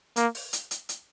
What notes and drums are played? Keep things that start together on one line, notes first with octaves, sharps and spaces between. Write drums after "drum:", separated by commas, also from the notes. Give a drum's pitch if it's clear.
A#3, drum: hi-hat
drum: open hi-hat
drum: hi-hat
drum: hi-hat
drum: hi-hat